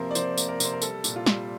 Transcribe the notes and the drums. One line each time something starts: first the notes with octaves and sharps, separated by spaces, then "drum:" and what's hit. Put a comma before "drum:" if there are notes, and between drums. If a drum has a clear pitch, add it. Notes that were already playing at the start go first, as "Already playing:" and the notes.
Already playing: C3 F3 A#3 A#4 C5
D5
F3 C5, drum: tambourine
A#3, drum: tambourine
A#4
C3 C5, drum: tambourine
A#4
G3 A4, drum: tambourine
A#2, drum: tambourine
F4
G3, drum: snare